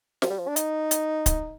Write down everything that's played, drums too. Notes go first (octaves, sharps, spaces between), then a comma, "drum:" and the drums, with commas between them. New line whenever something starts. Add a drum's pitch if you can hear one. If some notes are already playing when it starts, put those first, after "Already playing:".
F3, drum: snare
G3
F3
D4
D#4, drum: hi-hat
drum: hi-hat
drum: kick D1, hi-hat